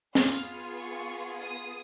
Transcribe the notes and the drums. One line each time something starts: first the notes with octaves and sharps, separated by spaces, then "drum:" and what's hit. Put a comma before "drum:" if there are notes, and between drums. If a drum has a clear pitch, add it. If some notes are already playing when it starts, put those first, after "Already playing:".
B3 F4 G#4 F6, drum: snare
drum: tambourine
C#6
D#6